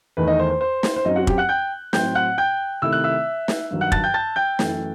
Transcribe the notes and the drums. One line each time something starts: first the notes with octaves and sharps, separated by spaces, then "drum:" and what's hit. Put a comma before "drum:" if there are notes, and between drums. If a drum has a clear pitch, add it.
E2 D#3 A3 D#4 B4
D#4 D#5
C5
C5
C5
drum: snare
C5
F#2 F#3 C4 D#4 D#5
F#4 F#5
G4 G5, drum: kick
F#5 F#6
G5 G6
A2 F#3 C4 G5 G6, drum: snare
F#5 F#6
G5 G6
C3 D#3 A3 E4 E6
F#6
E5 E6
drum: snare
G2 D#3 F#3
F#5 F#6
A5 A6, drum: kick
G5 G6
A5 A6
G5 G6
F#2 E3 A3, drum: snare